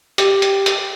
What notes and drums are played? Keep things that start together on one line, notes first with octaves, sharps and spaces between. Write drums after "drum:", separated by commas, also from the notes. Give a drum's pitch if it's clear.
G4, drum: hi-hat
drum: hi-hat
drum: hi-hat